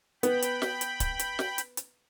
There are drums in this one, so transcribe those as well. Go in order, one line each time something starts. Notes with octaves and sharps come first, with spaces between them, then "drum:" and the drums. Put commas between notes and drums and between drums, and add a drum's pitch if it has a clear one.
B3 G5 B5, drum: hi-hat
drum: hi-hat
drum: snare
drum: hi-hat
drum: kick C#1, hi-hat
drum: hi-hat
drum: snare
drum: hi-hat
drum: hi-hat